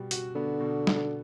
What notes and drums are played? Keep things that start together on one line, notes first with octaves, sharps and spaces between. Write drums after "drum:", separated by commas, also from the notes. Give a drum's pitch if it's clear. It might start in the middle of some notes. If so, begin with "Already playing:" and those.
Already playing: B2 G3
F#4, drum: hi-hat
D3 B3
B2
drum: snare